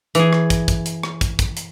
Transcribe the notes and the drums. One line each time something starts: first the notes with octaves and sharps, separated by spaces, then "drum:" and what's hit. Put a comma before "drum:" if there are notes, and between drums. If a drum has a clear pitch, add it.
E3 G#4, drum: hi-hat
drum: rim click
drum: kick, hi-hat
drum: kick, hi-hat
drum: hi-hat
drum: rim click
drum: kick, hi-hat
drum: kick, hi-hat
drum: hi-hat